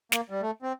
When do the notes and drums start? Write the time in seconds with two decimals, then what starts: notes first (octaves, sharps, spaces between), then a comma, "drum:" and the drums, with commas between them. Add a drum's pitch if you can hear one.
0.12 A#3, drum: snare
0.30 G3
0.42 A3
0.62 C4